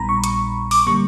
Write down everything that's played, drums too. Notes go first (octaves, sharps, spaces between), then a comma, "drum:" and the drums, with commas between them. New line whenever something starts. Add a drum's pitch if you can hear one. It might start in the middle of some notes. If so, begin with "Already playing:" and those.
Already playing: A#1 A#2 G3 B3 D#4 A#5 B5
C#6
C#6, drum: hi-hat
D6, drum: open hi-hat
D3 G3 A#3 C#6